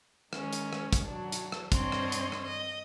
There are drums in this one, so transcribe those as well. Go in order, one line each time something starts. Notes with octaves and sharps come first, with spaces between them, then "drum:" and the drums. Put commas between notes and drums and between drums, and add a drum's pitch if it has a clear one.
D#3 G#3 C#4, drum: rim click
drum: hi-hat
drum: rim click
drum: kick, hi-hat
F#3 D4
drum: hi-hat
drum: rim click
G2 C4 D4 C#5 D#5 C6, drum: kick, hi-hat
drum: rim click
drum: hi-hat
drum: rim click
D#5